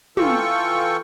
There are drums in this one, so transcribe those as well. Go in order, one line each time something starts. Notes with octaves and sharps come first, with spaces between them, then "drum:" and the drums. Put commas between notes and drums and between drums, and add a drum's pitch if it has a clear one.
E3 F4 A4 G5 C#6, drum: tom